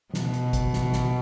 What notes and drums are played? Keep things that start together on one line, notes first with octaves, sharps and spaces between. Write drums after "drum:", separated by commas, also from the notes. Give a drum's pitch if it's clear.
B2, drum: snare
drum: hi-hat
drum: kick G#1, hi-hat
drum: snare
drum: snare